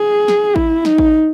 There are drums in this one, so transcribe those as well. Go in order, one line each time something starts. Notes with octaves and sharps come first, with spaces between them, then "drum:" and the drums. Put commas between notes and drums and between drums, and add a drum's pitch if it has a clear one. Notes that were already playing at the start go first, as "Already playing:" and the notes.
Already playing: G#4
drum: snare
E4, drum: kick A1
D#4, drum: snare
drum: kick A1